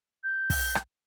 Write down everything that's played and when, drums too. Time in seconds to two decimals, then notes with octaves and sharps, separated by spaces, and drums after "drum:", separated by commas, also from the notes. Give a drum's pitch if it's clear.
0.24 G6
0.50 drum: kick, open hi-hat
0.75 drum: rim click